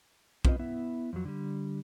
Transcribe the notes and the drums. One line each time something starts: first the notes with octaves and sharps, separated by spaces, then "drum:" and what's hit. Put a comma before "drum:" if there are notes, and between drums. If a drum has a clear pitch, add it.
C4 F4 B4 D#5, drum: kick
B3 E4 E5
F2 F#3
D3 G3